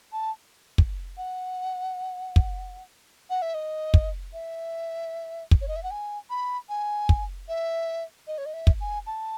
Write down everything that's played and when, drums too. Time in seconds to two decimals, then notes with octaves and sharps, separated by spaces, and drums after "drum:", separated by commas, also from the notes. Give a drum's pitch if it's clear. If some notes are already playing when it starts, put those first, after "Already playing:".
0.12 A5
0.78 drum: kick
1.17 F#5
2.36 drum: kick
3.30 F#5
3.42 E5
3.54 D#5
3.94 drum: kick
4.33 E5
5.51 drum: kick
5.61 C#5
5.68 D#5
5.76 E5
5.83 F#5
5.91 G#5
6.30 B5
6.69 G#5
7.09 drum: kick
7.48 E5
8.27 D#5
8.38 C#5
8.46 D#5
8.54 E5
8.67 drum: kick
8.81 G#5
9.06 A5